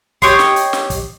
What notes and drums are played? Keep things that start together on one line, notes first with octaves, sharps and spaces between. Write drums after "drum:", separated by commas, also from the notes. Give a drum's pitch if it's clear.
G4 C#5 D#5 C6, drum: kick, hi-hat
drum: snare
drum: hi-hat
drum: snare
drum: kick, hi-hat